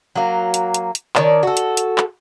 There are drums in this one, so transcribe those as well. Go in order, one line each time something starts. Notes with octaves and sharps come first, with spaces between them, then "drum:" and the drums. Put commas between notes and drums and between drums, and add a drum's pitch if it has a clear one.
F#3 A#3
drum: hi-hat
drum: hi-hat
drum: hi-hat
D#3 C#5 D5 A5, drum: clap
F#4 A4
drum: hi-hat
drum: hi-hat
drum: clap